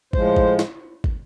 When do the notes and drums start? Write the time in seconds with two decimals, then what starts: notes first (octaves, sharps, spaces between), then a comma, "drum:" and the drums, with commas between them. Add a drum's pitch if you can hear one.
0.13 A2 F3 G#3 C5, drum: kick
0.36 drum: kick
0.59 drum: snare
1.04 drum: kick